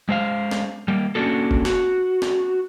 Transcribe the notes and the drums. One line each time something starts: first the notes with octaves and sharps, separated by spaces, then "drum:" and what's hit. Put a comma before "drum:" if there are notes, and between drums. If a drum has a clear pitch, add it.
G#3 C5 F5
drum: snare
G3 A#3
A#3 C#4 D4 F#4 A4
drum: kick F1
F#4, drum: snare
drum: snare